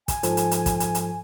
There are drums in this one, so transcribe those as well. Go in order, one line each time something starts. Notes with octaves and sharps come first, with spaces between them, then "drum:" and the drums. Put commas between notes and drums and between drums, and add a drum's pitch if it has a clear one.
G#5, drum: kick, hi-hat
G#2 F3 A4, drum: hi-hat
drum: hi-hat
drum: hi-hat
drum: kick, hi-hat
drum: hi-hat
drum: hi-hat